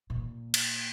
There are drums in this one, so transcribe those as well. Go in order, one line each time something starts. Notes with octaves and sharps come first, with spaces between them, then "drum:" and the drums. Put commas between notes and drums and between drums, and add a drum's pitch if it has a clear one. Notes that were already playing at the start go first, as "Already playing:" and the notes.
A#2
drum: cymbal